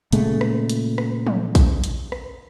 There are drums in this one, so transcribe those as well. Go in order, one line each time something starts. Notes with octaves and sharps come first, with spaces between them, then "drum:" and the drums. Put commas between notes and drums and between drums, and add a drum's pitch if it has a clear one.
A#2 C#3 G#3 A3, drum: hi-hat
drum: rim click
drum: hi-hat
drum: rim click
drum: tom
drum: kick, hi-hat
drum: hi-hat
drum: rim click